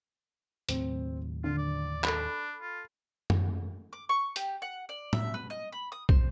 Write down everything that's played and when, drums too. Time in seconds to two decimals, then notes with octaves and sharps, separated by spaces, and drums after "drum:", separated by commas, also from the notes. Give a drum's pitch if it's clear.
0.69 D#2 A2 F#3 C4, drum: hi-hat
1.44 D3 F4
1.58 D5
2.04 D4 A4 B5, drum: clap
2.62 F4
3.30 drum: tom F#2
3.93 D6
4.09 C#6
4.36 G4, drum: hi-hat
4.62 F#5
4.89 D5
5.13 E5, drum: tom
5.34 B4
5.50 D#5
5.72 B5
5.92 D#6
6.09 C5, drum: kick